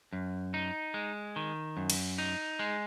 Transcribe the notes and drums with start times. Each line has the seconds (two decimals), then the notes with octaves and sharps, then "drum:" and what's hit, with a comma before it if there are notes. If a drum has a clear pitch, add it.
0.13 F#2
0.54 D#4
0.94 G#3
1.36 D#3
1.77 F#2
1.90 drum: cymbal
2.18 D#4
2.59 G#3